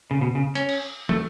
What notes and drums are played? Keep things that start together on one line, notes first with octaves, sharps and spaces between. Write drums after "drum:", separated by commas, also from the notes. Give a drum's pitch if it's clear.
C#3
B2
C#3
C#4, drum: hi-hat
drum: cymbal
A3, drum: tom